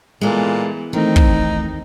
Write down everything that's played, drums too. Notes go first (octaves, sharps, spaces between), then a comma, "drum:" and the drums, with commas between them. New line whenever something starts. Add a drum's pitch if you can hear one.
A#2 E3 G#3 B3 A4
D#3 E3 A3 C4 D#4
drum: kick